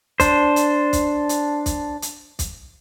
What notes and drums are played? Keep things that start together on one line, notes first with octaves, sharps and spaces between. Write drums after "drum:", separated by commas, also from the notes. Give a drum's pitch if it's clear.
D4 C5, drum: kick, hi-hat
drum: hi-hat
drum: kick, hi-hat
drum: hi-hat
drum: kick, hi-hat
drum: hi-hat
drum: kick, hi-hat